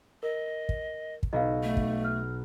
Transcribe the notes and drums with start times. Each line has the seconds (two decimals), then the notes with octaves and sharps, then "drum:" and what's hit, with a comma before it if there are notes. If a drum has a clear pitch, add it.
0.23 A#4 D#5
0.69 drum: kick
1.23 drum: kick
1.33 B1 D#5 F5
1.63 A3
1.77 drum: kick
2.05 F6